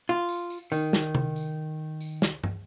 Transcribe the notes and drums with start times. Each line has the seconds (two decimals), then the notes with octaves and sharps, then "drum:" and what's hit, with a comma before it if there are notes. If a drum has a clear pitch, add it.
0.09 F4
0.29 drum: tambourine
0.50 drum: tambourine
0.72 D#3, drum: tambourine
0.93 drum: snare
1.15 drum: tom C3
1.36 drum: tambourine
2.01 drum: tambourine
2.22 drum: snare
2.44 drum: tom